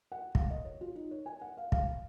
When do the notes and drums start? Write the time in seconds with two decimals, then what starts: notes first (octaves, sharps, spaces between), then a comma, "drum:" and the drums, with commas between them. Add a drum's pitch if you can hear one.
0.12 F#5
0.35 F5, drum: kick
0.50 D#5
0.65 C#5
0.81 F4
0.95 D#4
1.11 C#5
1.26 G#5
1.41 F#5
1.57 F5
1.72 F5, drum: kick